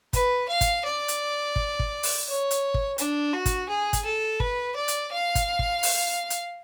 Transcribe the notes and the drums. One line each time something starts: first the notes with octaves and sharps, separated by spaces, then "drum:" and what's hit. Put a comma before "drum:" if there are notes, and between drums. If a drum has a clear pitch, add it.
B4, drum: kick, hi-hat
F5
drum: kick, hi-hat
D5
drum: hi-hat
drum: kick
drum: kick
drum: open hi-hat
C#5
drum: hi-hat
drum: kick
D4, drum: hi-hat
F#4
drum: kick, hi-hat
G#4
drum: kick, hi-hat
A4
B4, drum: kick
D5
drum: hi-hat
F5
drum: kick, hi-hat
drum: kick
drum: open hi-hat
drum: hi-hat